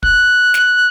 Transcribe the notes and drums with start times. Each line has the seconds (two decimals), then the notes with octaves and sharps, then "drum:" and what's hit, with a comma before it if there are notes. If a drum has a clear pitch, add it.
0.03 F#6, drum: kick
0.54 drum: snare